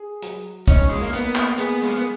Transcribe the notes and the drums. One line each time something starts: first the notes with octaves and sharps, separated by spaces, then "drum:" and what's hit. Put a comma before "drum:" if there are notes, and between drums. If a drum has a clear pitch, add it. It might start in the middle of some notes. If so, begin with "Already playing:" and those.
Already playing: G#4
F#3, drum: hi-hat
C#4 D#4, drum: kick, hi-hat
G#3
A#3
A#3 B3, drum: hi-hat
drum: clap
B3 G#4, drum: hi-hat
G#3
A#3
B3